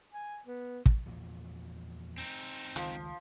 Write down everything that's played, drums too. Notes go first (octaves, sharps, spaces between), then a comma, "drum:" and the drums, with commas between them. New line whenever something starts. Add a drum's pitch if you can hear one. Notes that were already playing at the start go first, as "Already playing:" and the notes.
G#5
B3
drum: kick
E2 A#2 F3
C4 D#4
C#2 D#3 F3 G#3, drum: hi-hat